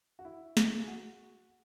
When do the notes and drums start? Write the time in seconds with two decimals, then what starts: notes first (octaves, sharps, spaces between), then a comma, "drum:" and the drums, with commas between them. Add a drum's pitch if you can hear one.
0.19 F#4
0.25 E4
0.57 drum: snare
0.81 G#4
0.88 F#4